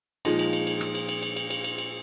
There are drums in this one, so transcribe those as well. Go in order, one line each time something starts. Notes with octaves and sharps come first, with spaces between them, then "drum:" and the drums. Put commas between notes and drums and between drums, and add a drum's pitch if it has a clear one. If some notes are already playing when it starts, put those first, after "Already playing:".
A#2 F3 G#3 D#4, drum: cymbal
drum: cymbal
drum: cymbal
drum: cymbal
drum: rim click
drum: cymbal
drum: cymbal
drum: cymbal
drum: cymbal
drum: cymbal
drum: cymbal
drum: cymbal